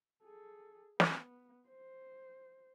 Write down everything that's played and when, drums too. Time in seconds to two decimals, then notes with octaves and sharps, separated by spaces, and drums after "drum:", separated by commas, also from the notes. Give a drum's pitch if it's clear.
0.23 G#4 A4
1.00 B3, drum: snare
1.69 C5